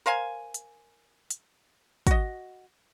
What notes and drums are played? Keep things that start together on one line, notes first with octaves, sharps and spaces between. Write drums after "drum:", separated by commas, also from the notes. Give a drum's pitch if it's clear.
A#4 C5 F5 G#5
drum: hi-hat
drum: hi-hat
F#4 D#5, drum: kick, hi-hat